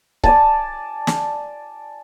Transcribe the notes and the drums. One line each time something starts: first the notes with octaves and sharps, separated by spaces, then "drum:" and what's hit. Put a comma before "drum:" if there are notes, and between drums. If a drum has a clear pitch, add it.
D5 G#5 A5, drum: kick C#1
drum: snare